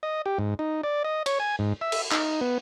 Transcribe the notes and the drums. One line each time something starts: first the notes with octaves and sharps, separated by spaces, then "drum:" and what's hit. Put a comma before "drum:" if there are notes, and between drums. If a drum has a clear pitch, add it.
D#5
G4
G#2
D#4
D5
D#5
C#5, drum: cymbal
G#5
G#2
E5
drum: cymbal
D#4, drum: clap
B3